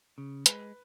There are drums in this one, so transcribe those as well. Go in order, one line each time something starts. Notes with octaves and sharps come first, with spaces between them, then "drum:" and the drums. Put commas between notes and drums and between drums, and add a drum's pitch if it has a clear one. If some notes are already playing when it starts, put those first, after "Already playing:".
C#3
G#3 B4, drum: hi-hat